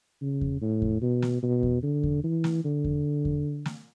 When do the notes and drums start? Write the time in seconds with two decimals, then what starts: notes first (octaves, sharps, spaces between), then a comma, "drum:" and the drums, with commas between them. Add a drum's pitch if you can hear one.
0.21 C#3
0.41 drum: kick E2
0.61 A2
0.82 drum: kick E2
1.02 B2
1.22 drum: snare
1.43 B2
1.63 drum: kick E2
1.83 D3
2.03 drum: kick E2
2.24 E3
2.44 drum: snare
2.65 D3
2.84 drum: kick E2
3.25 drum: kick E2
3.66 drum: snare